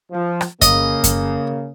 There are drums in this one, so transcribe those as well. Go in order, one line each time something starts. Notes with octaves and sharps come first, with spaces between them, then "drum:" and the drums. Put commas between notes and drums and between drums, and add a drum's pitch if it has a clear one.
F3
drum: rim click
C#3 A#3 D#5, drum: kick F#2, hi-hat
drum: kick F#2, hi-hat